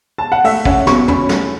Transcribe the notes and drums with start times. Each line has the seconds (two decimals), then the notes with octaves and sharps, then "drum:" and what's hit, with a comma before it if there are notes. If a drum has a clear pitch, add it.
0.18 A5
0.32 F#5
0.44 A3 E5, drum: open hi-hat
0.65 C#4 F#5, drum: kick
0.87 B2 C#6, drum: snare
1.08 C#4 B5, drum: tom
1.29 A3, drum: snare